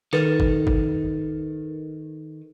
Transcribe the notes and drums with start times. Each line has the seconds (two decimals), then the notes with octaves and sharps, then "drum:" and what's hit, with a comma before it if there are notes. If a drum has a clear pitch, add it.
0.13 D#3 A4 B4 A6, drum: rim click
0.40 drum: kick F#1
0.67 drum: kick F#1